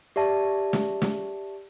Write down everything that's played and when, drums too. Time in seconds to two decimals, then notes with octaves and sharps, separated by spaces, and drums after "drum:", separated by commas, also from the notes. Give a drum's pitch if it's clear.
0.16 G4 D5 E5 A5
0.73 drum: snare
1.02 drum: snare